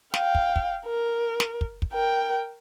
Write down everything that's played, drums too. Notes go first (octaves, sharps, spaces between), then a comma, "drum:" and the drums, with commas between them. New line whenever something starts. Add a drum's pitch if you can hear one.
F5 G5, drum: snare
drum: kick
drum: kick
A#4
drum: snare
drum: kick
drum: kick
A#4 G5